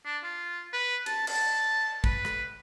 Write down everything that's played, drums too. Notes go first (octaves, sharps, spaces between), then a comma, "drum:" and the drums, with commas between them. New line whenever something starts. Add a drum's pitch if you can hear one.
D4
F4
B4
A5, drum: cymbal
A5, drum: cymbal
B4, drum: kick
drum: rim click